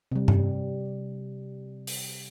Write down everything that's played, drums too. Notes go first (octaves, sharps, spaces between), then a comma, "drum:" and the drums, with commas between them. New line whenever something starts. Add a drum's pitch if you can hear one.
C3 G3
drum: tom G2
drum: open hi-hat